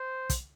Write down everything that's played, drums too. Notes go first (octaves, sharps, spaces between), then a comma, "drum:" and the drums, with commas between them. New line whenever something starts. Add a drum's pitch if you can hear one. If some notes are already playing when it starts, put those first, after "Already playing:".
Already playing: C5
drum: kick, hi-hat